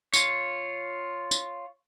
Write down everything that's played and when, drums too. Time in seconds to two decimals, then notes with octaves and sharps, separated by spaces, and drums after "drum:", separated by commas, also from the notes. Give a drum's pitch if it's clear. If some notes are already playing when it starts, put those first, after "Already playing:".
0.14 F4 C#5, drum: tambourine
1.31 drum: tambourine